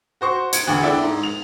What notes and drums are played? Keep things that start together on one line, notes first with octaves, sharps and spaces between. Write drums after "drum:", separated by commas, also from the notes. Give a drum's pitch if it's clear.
F#4 C5 C#6
G#6 C#7 D7, drum: hi-hat
E1 D2 F#5
D4 E4 A4 D5 E5 G5
G#2
F7